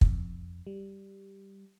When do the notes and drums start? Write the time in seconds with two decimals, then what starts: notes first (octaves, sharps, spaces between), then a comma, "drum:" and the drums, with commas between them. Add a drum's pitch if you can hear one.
0.01 F2, drum: kick
0.67 G3